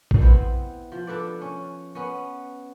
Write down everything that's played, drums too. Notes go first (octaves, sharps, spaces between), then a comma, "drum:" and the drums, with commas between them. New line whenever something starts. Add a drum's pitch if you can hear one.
drum: kick
B3 C4 E4 C5
F3
D4 A4 B4 D5
C#4
B3 C#4